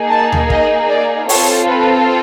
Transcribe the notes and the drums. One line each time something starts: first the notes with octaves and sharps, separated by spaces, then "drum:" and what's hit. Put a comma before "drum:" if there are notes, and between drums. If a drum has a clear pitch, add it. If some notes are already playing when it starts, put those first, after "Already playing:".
Already playing: A#3 D#4 G#4
A5
drum: tom D2
D#5, drum: kick
D5
C4 F4 A4 C#5, drum: open hi-hat
B4